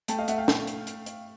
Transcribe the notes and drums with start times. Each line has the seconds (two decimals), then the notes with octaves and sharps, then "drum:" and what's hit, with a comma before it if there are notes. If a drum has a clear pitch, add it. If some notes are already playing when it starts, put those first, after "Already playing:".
0.08 A3 G5 A5, drum: hi-hat
0.18 D#5 F5
0.28 A3 E5 F#5, drum: hi-hat
0.38 F5 G5
0.48 A3, drum: snare
0.67 drum: hi-hat
0.87 drum: hi-hat
1.06 drum: hi-hat